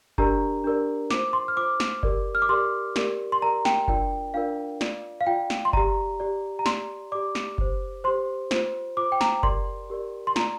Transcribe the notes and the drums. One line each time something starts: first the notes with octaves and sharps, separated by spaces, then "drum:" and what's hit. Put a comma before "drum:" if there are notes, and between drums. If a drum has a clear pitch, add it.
D4 G4 A#4 D5 A#5, drum: kick F#1
D4 G4 A#4 D5
F4 C5 D6, drum: snare
C6
F6
F4 C5 D6
drum: snare
G4 A#4 D5, drum: kick F#1
F6
D6
G4 A#4 D5 C6
G4 A#4 D5, drum: snare
C6
G4 A#4 D5 A#5
G5, drum: snare
D4 F4 A#4 D5 G5, drum: kick F#1
D4 F4 A#4 D5 F5
F4 D5, drum: snare
F5
F4 D5 G5
drum: snare
C6
G4 D5 A#5, drum: kick F#1
G4 D5
A#5
G4 D5 C6, drum: snare
G4 D5 D6
drum: snare
G4 C5, drum: kick F#1
G4 C5 C6
F4 C5, drum: snare
F4 C5 D6
G5
A#5, drum: snare
G4 A#4 D5 C6, drum: kick F#1
G4 A#4 D5
C6
F4 D5 A#5, drum: snare